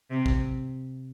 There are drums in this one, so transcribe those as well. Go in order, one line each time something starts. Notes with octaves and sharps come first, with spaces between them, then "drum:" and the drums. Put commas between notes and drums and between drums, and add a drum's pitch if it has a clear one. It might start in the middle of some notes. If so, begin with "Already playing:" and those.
C3
drum: kick